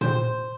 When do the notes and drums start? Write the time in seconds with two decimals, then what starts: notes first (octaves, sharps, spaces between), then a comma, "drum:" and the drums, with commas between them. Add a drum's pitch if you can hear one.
0.01 C5, drum: tom A#2